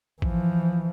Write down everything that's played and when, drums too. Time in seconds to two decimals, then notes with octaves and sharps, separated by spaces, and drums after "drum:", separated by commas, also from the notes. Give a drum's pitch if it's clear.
0.22 E3 F3, drum: kick A1